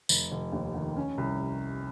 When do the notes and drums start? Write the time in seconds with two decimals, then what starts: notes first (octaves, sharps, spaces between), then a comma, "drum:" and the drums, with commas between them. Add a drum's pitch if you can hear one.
0.09 F1, drum: tambourine
0.32 F1
0.53 D#2
0.75 D#3
0.96 C#4
1.18 C2